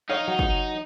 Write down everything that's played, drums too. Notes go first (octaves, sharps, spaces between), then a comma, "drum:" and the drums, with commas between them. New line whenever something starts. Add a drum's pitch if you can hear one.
D#4 C#5 D#5 F5
F#3
drum: kick